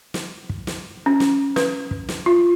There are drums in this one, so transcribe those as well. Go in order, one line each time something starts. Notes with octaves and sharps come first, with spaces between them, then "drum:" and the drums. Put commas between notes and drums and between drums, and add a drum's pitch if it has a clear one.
drum: snare
drum: kick
drum: snare
C#4
drum: snare
B4, drum: snare
drum: kick
drum: snare
F4